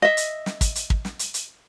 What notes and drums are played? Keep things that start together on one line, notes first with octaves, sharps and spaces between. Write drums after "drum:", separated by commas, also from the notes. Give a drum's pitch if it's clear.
D#5 E5
drum: hi-hat
drum: snare
drum: kick, hi-hat
drum: hi-hat
drum: kick
drum: snare
drum: hi-hat
drum: hi-hat